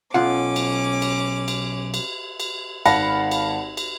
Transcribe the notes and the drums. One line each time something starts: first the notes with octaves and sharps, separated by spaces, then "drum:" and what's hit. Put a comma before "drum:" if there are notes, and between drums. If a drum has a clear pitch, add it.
B1 C#4 F4 F#5 D6
drum: cymbal
drum: cymbal
drum: cymbal
drum: cymbal
drum: cymbal
G#1 F5 F#5 A5 B5 A#6, drum: cymbal
drum: cymbal
drum: cymbal